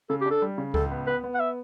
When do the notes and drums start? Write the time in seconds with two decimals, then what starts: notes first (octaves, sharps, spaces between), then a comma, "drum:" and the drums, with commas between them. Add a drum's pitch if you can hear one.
0.10 C#3 A4
0.21 G4
0.26 D4 A4
0.42 G3
0.58 C#3
0.74 C#2 A4, drum: kick C#2
0.91 B3
1.07 B3 B4
1.24 B3
1.35 F#5
1.40 E5